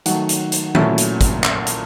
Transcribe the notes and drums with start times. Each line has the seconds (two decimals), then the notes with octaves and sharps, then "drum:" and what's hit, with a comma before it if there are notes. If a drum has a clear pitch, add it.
0.06 D#3 F#3 A3 F#5, drum: hi-hat
0.29 drum: hi-hat
0.52 drum: hi-hat
0.75 A#2 F#3 A3 C#4 E4, drum: tom D#3
0.98 drum: hi-hat
1.21 drum: kick, hi-hat
1.44 drum: clap
1.67 drum: hi-hat